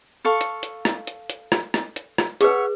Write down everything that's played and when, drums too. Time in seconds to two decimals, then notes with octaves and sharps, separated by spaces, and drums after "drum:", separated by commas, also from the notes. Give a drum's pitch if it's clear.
0.25 A4 F5 C#6
0.41 drum: hi-hat
0.63 drum: hi-hat
0.85 drum: rim click
1.07 drum: hi-hat
1.30 drum: hi-hat
1.52 drum: rim click
1.74 drum: rim click
1.96 drum: hi-hat
2.18 drum: rim click
2.41 G#4 B4 C#5 E5 F#5, drum: hi-hat